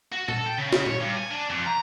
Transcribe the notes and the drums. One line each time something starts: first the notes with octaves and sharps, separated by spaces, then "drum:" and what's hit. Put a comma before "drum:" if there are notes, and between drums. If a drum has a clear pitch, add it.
F#4
A4, drum: tom A#2
G5
C#3
C#3, drum: snare
C#5, drum: tom A#2
G2
G#5
D4
F2
A#5